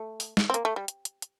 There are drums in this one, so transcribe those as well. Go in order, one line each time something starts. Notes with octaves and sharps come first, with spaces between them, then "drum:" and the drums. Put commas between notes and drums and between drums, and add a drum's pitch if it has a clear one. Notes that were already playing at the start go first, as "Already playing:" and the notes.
Already playing: A3
drum: open hi-hat
drum: snare
C4
A#3, drum: hi-hat
A3
G3
drum: hi-hat
drum: hi-hat
drum: hi-hat